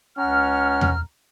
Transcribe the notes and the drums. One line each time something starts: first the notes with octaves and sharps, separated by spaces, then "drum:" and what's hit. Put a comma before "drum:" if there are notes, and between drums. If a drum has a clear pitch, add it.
C#2 C#4 F#5 A#5 F6
drum: tom E2